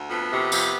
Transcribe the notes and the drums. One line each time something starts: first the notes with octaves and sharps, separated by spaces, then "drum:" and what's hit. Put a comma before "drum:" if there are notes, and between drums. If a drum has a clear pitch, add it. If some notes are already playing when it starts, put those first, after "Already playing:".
Already playing: D2
F2 B3
C3
F2, drum: tambourine